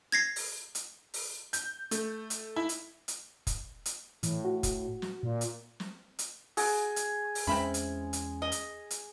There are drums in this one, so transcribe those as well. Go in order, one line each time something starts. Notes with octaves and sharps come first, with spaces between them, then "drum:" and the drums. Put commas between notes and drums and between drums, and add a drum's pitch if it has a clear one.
G#6 A#6 C7
drum: open hi-hat
drum: hi-hat
drum: open hi-hat
G6, drum: hi-hat
A3, drum: hi-hat
drum: hi-hat
E4
drum: hi-hat
drum: hi-hat
drum: kick F1, hi-hat
drum: hi-hat
A2 E3, drum: hi-hat
F#4
drum: kick F1, hi-hat
drum: snare
A#2
drum: hi-hat
drum: snare
drum: hi-hat
F#4 G#4, drum: open hi-hat
drum: hi-hat
drum: open hi-hat
E2 G#3 C4 C#4 E5 B5
drum: hi-hat
drum: hi-hat
D#5
drum: hi-hat
drum: hi-hat